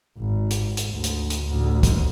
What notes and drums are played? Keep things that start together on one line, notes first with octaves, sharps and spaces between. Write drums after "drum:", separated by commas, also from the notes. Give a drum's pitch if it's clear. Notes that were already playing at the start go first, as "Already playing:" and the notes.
G#1
drum: hi-hat
drum: hi-hat
D2
drum: hi-hat
drum: hi-hat
A1 D2
drum: kick, hi-hat